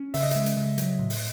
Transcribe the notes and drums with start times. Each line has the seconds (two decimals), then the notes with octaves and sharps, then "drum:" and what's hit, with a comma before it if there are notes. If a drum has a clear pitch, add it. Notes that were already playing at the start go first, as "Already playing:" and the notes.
Already playing: C#4
0.14 C#3 E5, drum: open hi-hat
0.23 D#5
0.31 G#3 E5, drum: hi-hat
0.46 drum: hi-hat
0.57 C#3
0.78 F#3, drum: hi-hat
0.99 A2
1.10 drum: open hi-hat